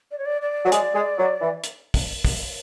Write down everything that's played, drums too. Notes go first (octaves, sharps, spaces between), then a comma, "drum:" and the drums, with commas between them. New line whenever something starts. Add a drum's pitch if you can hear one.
D5
C#5
D5
D5
F#3
G#3, drum: hi-hat
G#3
F#3
E3
drum: hi-hat
drum: kick, open hi-hat
drum: kick, open hi-hat